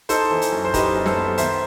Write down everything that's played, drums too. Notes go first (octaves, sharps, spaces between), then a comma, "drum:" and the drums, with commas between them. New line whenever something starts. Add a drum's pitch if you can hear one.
D#4 A4 C5, drum: hi-hat
E3
drum: hi-hat
F#2
C5
D#4 G4 B4, drum: kick, hi-hat
F#2
A4 C5, drum: snare
B3
D#3 C5 E5, drum: hi-hat